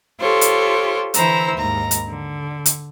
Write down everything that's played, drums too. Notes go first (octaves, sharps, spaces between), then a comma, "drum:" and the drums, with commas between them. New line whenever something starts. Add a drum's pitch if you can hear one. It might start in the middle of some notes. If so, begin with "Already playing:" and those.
F4 G4 A4 C5 C#5
drum: hi-hat
D3 E3 E4 C5 A#5 E6, drum: hi-hat
D#2 G#2 A#5
drum: hi-hat
D3
drum: hi-hat